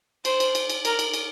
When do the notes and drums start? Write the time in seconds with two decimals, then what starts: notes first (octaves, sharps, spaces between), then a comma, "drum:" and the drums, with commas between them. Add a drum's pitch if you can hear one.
0.25 C5, drum: cymbal
0.40 drum: cymbal
0.55 drum: cymbal
0.70 drum: cymbal
0.85 A#4, drum: cymbal
0.99 drum: cymbal
1.14 drum: cymbal